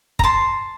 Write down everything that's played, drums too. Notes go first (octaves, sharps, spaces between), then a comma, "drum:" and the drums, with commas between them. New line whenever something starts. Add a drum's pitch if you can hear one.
A#5, drum: kick
A5 C6